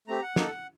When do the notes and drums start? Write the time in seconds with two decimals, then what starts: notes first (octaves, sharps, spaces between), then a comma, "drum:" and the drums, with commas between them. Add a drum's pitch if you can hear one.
0.08 A3 C4 G4 A#5
0.22 F#5
0.36 A#3 D#4 A4, drum: snare